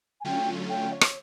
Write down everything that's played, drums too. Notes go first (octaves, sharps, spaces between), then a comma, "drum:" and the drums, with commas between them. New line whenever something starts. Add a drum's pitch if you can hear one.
G#5
D3 F#3 A3 C#4 F4 G5
G5
C#5
drum: rim click